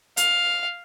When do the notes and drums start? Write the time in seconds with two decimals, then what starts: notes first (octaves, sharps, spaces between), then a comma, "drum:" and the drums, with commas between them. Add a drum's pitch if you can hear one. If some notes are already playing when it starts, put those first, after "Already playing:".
0.17 F5, drum: hi-hat